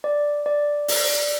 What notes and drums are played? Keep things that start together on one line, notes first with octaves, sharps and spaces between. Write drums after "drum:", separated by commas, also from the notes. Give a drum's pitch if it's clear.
D5
D5
drum: open hi-hat